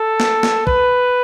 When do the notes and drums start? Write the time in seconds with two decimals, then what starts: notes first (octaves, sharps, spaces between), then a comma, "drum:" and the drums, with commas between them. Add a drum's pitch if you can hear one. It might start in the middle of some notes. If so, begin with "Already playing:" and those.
Already playing: A4
0.20 drum: snare
0.43 drum: snare
0.67 B4, drum: kick